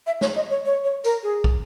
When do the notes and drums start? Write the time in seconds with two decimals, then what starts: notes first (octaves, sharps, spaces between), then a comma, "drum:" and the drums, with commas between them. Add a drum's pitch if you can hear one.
0.07 E5
0.21 C#5, drum: snare
0.36 D#5
0.50 C#5
0.65 C#5
0.84 C#5
1.04 A#4, drum: tambourine
1.23 G#4
1.44 drum: kick